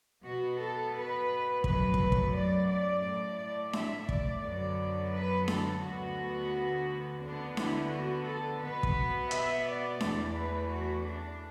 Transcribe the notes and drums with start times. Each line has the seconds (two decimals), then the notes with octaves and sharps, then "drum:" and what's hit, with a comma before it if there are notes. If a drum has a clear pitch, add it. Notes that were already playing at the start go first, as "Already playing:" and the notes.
0.24 B2 B3 F#4
0.60 A4
0.95 B4
1.64 F#2 F#3 A3 B4, drum: kick
1.94 drum: kick
2.12 drum: kick
2.33 D5
2.69 D5
3.04 A2 A3
3.39 D5
3.73 E5, drum: snare D4
4.09 D5, drum: kick
4.43 F#2 D3 F#3 B3 D5
5.12 B4
5.48 A4, drum: snare D4
5.82 D2 D3 B3 F#4
7.21 D2 D3 B3 D4
7.57 E4, drum: snare D4
7.92 F#4
8.26 A4
8.61 B2 B3 B4
8.83 drum: kick
9.31 E5, drum: hi-hat
9.66 D5
10.00 E2 E3 A3, drum: snare D4
10.35 B4
10.71 F#4
11.05 D4